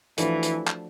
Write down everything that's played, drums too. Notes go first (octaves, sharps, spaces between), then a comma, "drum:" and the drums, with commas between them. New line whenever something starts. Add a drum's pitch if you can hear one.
E3 F3 A3 D4 F#4 A4, drum: hi-hat
drum: hi-hat
drum: clap